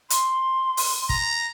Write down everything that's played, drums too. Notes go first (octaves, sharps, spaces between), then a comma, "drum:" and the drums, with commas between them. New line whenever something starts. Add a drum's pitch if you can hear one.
C6, drum: hi-hat
drum: open hi-hat
A#5, drum: kick